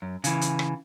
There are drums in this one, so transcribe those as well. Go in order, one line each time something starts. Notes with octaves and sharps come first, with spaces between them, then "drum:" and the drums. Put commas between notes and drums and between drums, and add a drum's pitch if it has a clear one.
F#2
C#3 E3, drum: hi-hat
drum: hi-hat
drum: rim click